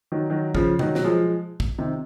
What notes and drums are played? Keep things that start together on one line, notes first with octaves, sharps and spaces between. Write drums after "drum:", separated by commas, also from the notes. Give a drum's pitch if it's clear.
D#3 F#3
D#3 F#3
C#3 F3, drum: kick
D#3 F#3, drum: tom B2
F#3, drum: snare
F3 G#3
drum: kick
C3 D#3